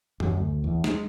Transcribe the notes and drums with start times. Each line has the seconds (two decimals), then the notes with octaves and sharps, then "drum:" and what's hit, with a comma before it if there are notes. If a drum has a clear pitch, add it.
0.20 F#2, drum: tom D#3
0.36 D2
0.64 E2
0.84 G#3, drum: snare